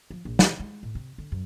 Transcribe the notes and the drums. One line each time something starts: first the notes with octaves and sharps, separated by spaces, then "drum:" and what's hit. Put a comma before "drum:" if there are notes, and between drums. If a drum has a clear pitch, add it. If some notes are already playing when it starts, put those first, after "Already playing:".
F3
A#1
E3, drum: snare
G#3
A2
C3
D3
F#2